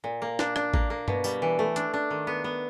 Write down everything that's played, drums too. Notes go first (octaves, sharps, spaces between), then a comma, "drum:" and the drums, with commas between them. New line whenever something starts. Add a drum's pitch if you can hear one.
A#2
A#3
D4, drum: snare
D4, drum: rim click
A#3, drum: kick A1
A#3
B2, drum: tom G2
G3, drum: tambourine
E3
A3
D4, drum: hi-hat
D4
D#3
B3
B3